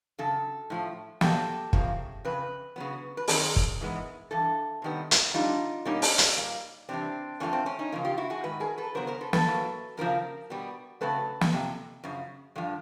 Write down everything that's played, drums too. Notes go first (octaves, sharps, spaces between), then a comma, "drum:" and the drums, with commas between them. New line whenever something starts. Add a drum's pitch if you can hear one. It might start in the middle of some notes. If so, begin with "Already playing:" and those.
F#2 C#3 A4
A2 F3 A3
B2 F#3 A#3 G4 A4, drum: snare
E2 C#3 F3 A#3, drum: kick
F2 C#3 B4
C#3 F#3 B3
B4
F#2 D#3 G3 C4 G#4 A#4, drum: open hi-hat
drum: kick
G#2 E3 G#3 B3
G2 E3 A4
C3 D#3 G3 B3
drum: hi-hat
F2 D3 G3 D#4 F4
B2 G3 A#3 C#4 D#4
drum: open hi-hat
drum: hi-hat
A#2 G3 A#3
C3 E3 G3 C4 D4
F2 D3 F3 A3 C4 C#4
C4
C#4
C#4 D#4
C#3 F3 A#3
F4 G4
E4 F#4
F#4 G#4
G#2 D#3 B4
G#4 A#4
A4 B4
C#3 F#3 B3 A#4 C5
A#4 C5
A4 B4
A4 B4, drum: snare
A2 F#3 A#3
F#2 C#3 F3 A#3 A#4
B2 G3 B3
C#3 F#3 A3 C4 A4 B4
drum: snare
F2 C3
F#2 C#3 F3
G2 D3 F3